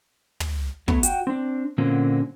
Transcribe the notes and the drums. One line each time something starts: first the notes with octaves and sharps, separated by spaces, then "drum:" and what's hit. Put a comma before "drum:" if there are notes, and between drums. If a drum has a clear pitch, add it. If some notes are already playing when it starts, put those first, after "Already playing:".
drum: tom
F#3 A3 B3, drum: kick
F#4 G5, drum: hi-hat
C4 D4
A#2 D3 F#3 A#3 C4 C#4